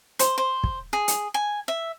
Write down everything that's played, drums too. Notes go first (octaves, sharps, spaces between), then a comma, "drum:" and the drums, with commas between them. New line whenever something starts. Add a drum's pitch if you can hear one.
C5, drum: hi-hat
C5
drum: kick
G#4
drum: hi-hat
G#5
E5